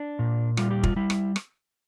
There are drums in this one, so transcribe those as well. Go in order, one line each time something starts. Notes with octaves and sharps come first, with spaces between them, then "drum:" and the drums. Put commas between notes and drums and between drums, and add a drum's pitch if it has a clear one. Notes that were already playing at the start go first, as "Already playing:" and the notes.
Already playing: D4
A#2
G3 F4, drum: rim click
G4
F4, drum: kick
G3 E4
drum: rim click
drum: rim click